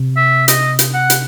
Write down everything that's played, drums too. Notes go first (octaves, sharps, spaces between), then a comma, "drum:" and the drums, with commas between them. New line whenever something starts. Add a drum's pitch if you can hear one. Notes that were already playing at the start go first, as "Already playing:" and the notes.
Already playing: C3
E5
D#5, drum: hi-hat
drum: hi-hat
F#5
drum: hi-hat